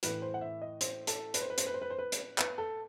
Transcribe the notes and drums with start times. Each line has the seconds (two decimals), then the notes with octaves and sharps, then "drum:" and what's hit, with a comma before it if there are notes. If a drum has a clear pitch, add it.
0.03 A2 E3 B4, drum: hi-hat
0.22 C5
0.34 F#5
0.41 E5
0.62 D#5
0.81 C5, drum: hi-hat
1.07 A4, drum: hi-hat
1.34 B4, drum: hi-hat
1.41 C5
1.50 B4
1.58 C5, drum: hi-hat
1.66 B4
1.74 C5
1.82 B4
1.90 C5
1.99 B4
2.12 drum: hi-hat
2.38 B4, drum: clap
2.58 A4